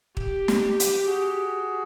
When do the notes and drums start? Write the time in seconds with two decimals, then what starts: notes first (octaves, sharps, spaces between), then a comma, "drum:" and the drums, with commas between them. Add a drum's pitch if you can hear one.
0.17 G4, drum: kick
0.48 drum: snare
0.80 drum: hi-hat
1.06 F#4 G#4